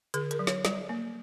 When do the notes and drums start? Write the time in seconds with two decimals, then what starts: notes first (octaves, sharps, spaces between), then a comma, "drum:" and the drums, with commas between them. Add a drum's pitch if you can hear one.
0.14 D3 G#4, drum: hi-hat
0.31 A#4, drum: hi-hat
0.39 F#3
0.47 C#5, drum: snare
0.65 G3 D5, drum: snare
0.89 A#3